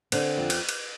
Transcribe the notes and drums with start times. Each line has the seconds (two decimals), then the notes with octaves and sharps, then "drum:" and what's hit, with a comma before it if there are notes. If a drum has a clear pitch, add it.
0.12 D3 C4, drum: cymbal
0.37 F2
0.50 drum: cymbal
0.69 drum: cymbal